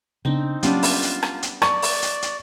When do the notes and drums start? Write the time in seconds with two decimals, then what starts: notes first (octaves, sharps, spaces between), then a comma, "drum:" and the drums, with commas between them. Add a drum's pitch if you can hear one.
0.25 C#3 B3 C4 D4 D#4
0.63 F#3 G3 A#3 B3 C#4 D4 F4, drum: hi-hat
0.83 drum: open hi-hat
1.03 drum: hi-hat
1.23 drum: rim click
1.43 drum: hi-hat
1.62 D5 C#6, drum: rim click
1.82 drum: open hi-hat
2.02 drum: hi-hat
2.22 drum: hi-hat